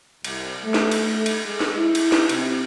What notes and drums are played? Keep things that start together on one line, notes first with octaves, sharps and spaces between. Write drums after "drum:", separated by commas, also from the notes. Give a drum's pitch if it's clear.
C2, drum: cymbal
A3
drum: snare
drum: cymbal
A3
drum: cymbal
G#3
drum: snare
E4
drum: cymbal
drum: snare
C3, drum: cymbal